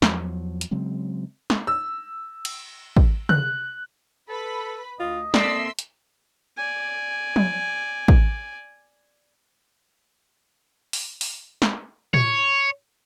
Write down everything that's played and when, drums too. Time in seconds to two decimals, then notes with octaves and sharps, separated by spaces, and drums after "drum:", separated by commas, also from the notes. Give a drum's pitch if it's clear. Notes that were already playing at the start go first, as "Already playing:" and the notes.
0.02 E2 F3 F#3, drum: snare
0.61 drum: hi-hat
0.71 C#3 F#3 G#3 C4
1.50 drum: snare
1.67 E6
2.45 drum: cymbal
2.97 drum: kick
3.29 F#6, drum: tom
4.29 A4 B4 B5
5.00 D2 F4 D#5
5.34 A#3 C4 A4 D5 E5 C6 E6, drum: snare
5.79 drum: hi-hat
6.57 D5 G#5
7.36 drum: tom F3
8.08 drum: kick
10.93 drum: open hi-hat
11.21 drum: open hi-hat
11.62 drum: snare
12.14 C#5, drum: tom